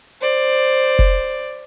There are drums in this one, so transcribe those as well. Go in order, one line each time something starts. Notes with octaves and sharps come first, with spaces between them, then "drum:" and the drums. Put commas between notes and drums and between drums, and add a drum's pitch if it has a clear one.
C5 D5
drum: kick F1